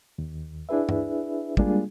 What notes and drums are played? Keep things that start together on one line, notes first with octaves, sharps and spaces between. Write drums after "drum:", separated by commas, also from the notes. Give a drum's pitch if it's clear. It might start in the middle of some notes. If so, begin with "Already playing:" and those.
D#2
D4 E4 G#4 B4 E5
drum: tom G2
G3 G#3 A#3 D4 F4 G#4, drum: kick